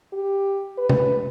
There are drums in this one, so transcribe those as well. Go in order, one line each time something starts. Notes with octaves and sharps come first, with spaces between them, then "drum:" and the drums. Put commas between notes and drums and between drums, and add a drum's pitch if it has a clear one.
G4
B4
drum: tom C3